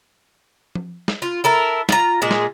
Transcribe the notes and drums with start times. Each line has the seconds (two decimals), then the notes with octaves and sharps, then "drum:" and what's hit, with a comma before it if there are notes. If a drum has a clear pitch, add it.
0.75 drum: tom F3
1.08 drum: snare
1.22 F4
1.44 E4 A4 A#4
1.89 F4 A#5, drum: snare
2.22 A#2 G#3 G#4
2.31 drum: snare